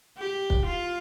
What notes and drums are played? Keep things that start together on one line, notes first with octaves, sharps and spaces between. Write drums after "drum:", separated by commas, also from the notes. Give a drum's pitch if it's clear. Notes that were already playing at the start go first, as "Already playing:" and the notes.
G4
drum: kick
F4